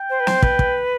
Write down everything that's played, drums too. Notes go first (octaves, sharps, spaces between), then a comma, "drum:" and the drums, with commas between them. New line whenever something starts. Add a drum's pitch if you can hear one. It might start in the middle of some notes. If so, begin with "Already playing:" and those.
Already playing: G5
C5
B4
C5, drum: snare
B4, drum: kick
drum: kick